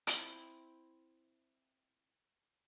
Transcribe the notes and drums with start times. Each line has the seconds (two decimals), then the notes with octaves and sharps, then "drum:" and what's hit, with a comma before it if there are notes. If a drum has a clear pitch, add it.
0.07 C4 E4 G5, drum: hi-hat